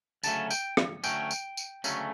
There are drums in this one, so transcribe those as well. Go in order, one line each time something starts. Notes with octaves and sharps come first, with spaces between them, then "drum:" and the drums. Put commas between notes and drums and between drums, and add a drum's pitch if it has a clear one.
D2 C#3 F#3 A3 C#4 A5, drum: tambourine
G5, drum: tambourine
drum: rim click
D2 C#3 F#3 A3 C#4 G5, drum: tambourine
drum: tambourine
drum: tambourine
D2 C#3 F#3 A3 C#4, drum: tambourine